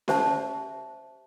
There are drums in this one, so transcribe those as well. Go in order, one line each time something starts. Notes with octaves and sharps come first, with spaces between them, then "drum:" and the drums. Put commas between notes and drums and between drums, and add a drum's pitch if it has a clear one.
G4 C5 E5 A5, drum: snare C#4